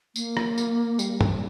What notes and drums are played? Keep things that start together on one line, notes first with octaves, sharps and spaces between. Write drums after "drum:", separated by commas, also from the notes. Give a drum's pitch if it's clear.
A#3, drum: tambourine
drum: rim click
drum: tambourine
G3, drum: tambourine
drum: tom